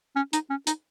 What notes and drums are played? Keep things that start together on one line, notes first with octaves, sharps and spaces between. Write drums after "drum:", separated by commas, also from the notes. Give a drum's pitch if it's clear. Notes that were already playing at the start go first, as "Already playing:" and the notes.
C#4
D#4, drum: hi-hat
C#4
D#4, drum: hi-hat